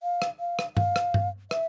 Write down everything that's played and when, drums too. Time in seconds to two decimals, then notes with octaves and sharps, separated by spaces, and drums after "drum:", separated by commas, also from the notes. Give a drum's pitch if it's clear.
0.03 F5
0.22 drum: rim click
0.40 F5
0.59 drum: rim click
0.77 F5, drum: tom G2
0.96 drum: rim click
1.14 drum: tom G2
1.51 E5, drum: rim click